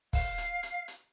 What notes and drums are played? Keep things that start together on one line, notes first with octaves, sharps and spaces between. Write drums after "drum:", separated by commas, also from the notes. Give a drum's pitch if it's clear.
F5, drum: kick, open hi-hat
drum: hi-hat
drum: hi-hat
drum: hi-hat